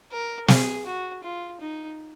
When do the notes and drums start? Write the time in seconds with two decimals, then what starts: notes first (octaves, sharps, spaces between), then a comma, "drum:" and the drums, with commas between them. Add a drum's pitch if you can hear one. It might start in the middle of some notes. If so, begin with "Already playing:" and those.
0.12 A#4
0.48 G#4, drum: snare
0.86 F#4
1.23 F4
1.60 D#4